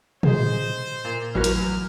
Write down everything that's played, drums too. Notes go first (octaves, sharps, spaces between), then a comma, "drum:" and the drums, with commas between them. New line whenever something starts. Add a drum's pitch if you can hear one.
G#4 C5 D#5, drum: tom
A#2
A1 E2 F#3 F#4 A#4 F6
drum: hi-hat